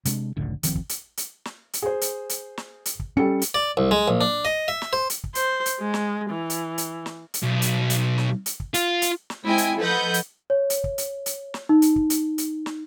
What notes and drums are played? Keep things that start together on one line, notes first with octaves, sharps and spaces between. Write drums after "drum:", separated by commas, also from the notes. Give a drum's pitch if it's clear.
C3 G#3 C4 D4, drum: hi-hat
F1 C#2 A2 D3
D1 D#3 F3 C4, drum: hi-hat
drum: kick
drum: hi-hat
drum: hi-hat
drum: snare
drum: hi-hat
G#4 C5
drum: hi-hat
drum: hi-hat
drum: snare
drum: hi-hat
drum: kick
G3 C#4 A4 C#7
drum: hi-hat
D5
C2
G#3
A#1
D4
D#5
E5
drum: snare
C5
drum: hi-hat
drum: kick
C5, drum: hi-hat
drum: hi-hat
G#3
drum: snare
E3
drum: hi-hat
drum: hi-hat
drum: snare
drum: hi-hat
B1
drum: hi-hat
drum: hi-hat
drum: snare
drum: hi-hat
drum: kick
F4, drum: hi-hat
drum: hi-hat
drum: snare
G#3 C4 E4 D#5 G5 G#5
drum: hi-hat
F3 A4 B4 D#5 F#5 G6
drum: hi-hat
C#5
drum: hi-hat
drum: kick
drum: hi-hat
drum: hi-hat
drum: snare
D#4
drum: hi-hat
drum: kick
drum: hi-hat
drum: hi-hat
drum: snare